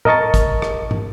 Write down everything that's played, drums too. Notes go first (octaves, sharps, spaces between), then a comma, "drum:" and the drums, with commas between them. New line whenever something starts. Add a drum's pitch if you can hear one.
A#4 D#5 A5 C#6 A6, drum: tom A2
drum: kick, hi-hat
drum: rim click
drum: tom